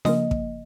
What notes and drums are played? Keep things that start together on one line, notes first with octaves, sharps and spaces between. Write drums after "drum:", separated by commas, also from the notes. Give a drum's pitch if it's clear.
C#3 F3 A#3 D#5, drum: snare D4
drum: kick